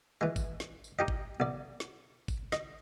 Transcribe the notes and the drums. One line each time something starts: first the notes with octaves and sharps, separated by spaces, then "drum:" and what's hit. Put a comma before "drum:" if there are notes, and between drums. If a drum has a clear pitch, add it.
E3 G#3
drum: kick G#1, tambourine
drum: snare
drum: tambourine
D#4 G4 D#5
drum: kick G#1
B1 D5
drum: snare
drum: kick G#1, tambourine
D#5, drum: snare